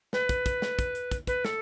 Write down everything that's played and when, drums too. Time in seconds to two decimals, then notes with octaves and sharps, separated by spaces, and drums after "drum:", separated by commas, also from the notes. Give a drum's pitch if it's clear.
0.13 B4, drum: snare
0.29 drum: kick, hi-hat
0.46 drum: kick, hi-hat
0.62 drum: snare
0.79 drum: kick, hi-hat
0.95 drum: hi-hat
1.11 drum: kick, hi-hat
1.27 B4, drum: kick, hi-hat
1.45 A4, drum: snare